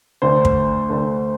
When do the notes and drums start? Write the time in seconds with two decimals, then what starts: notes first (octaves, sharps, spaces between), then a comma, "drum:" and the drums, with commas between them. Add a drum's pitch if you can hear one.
0.22 D2 D3 A3 C5
0.45 drum: kick
0.89 D2 D3 A3